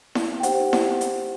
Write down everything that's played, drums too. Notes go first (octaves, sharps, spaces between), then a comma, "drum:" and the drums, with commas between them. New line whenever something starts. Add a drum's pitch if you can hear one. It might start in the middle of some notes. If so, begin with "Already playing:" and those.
drum: snare E4
G5
D#4 G4 C5 F#5, drum: hi-hat
F#5, drum: snare E4
drum: hi-hat